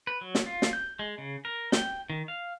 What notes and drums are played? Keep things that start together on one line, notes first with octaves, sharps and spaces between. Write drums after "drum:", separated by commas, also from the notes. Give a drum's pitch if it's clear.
B4
F#3
drum: snare
F4
drum: snare
G6
G#3
C#3
A#4
G5, drum: snare
D#3
F5